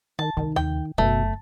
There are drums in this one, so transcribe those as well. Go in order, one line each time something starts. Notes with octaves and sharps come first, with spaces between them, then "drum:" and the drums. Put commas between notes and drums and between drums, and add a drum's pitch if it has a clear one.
D#3 A5
D2 C3 D#3
G5, drum: tom D#2
F#1 B2 A3 B3